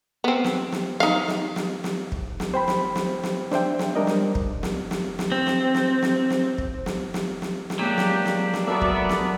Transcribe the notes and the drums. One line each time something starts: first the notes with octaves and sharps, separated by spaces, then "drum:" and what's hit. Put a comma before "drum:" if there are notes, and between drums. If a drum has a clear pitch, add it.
B3 C4
drum: snare
drum: snare
D#4 F5, drum: snare
drum: snare
drum: snare
drum: snare
drum: kick
drum: snare
C5 G5 B5
drum: snare
drum: snare
drum: snare
D4 C5 E5 G5, drum: snare
drum: snare
G3 D4 A#4 D#5
drum: snare
drum: kick
drum: snare
drum: snare
drum: snare
C4
drum: snare
drum: snare
drum: snare
drum: snare
drum: kick
drum: snare
drum: snare
drum: snare
drum: snare
F#3 G#3 A#3 D4 G4
drum: snare
drum: snare
drum: snare
B3 F#4 A4 A#4 D5 E5
drum: kick
drum: snare